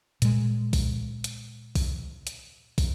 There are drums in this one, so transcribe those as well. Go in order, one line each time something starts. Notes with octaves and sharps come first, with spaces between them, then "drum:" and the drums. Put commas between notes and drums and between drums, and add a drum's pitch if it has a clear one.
A#2 G#3, drum: hi-hat
drum: kick, open hi-hat
drum: hi-hat
drum: kick, open hi-hat
drum: hi-hat
drum: kick, open hi-hat